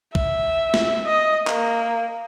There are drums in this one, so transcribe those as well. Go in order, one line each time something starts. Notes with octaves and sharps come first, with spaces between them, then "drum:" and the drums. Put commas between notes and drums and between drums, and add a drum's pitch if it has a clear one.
E5, drum: kick
drum: snare
D#5
A#3, drum: clap